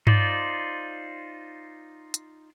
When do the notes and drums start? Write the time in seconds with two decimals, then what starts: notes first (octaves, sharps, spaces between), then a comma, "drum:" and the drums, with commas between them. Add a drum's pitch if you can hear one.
0.07 D#4 F4 C5 D5, drum: tom G2
2.14 drum: hi-hat